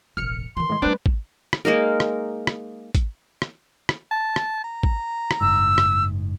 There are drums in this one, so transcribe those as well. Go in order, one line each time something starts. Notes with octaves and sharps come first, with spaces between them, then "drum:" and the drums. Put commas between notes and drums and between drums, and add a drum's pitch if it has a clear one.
E1 A1 F6 C#7
D#3 E3 C6
A2 G#3
G3 A3 C4 D4 B4 C5
drum: kick G#1
drum: rim click
G#3 A#3 D#4 A#4
drum: rim click
drum: rim click
drum: kick G#1, hi-hat
drum: rim click
drum: rim click
A5
drum: rim click
A#5
drum: kick G#1
drum: rim click
F#1 G#2 E6
drum: rim click